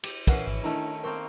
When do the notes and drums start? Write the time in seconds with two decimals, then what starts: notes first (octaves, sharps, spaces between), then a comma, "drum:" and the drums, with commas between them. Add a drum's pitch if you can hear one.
0.04 G4, drum: cymbal
0.27 E3 C#4 A#4 F#5 C7, drum: kick, cymbal
0.47 G#1
0.64 D#3 A3 C#4 D4 E4 A#5
1.04 A#3 C4 A#4 G5 C#6